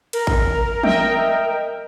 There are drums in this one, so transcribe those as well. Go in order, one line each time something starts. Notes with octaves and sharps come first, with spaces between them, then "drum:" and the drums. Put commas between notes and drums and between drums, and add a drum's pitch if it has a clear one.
A#4, drum: cymbal
drum: kick A1
D#5 E5 G5, drum: tom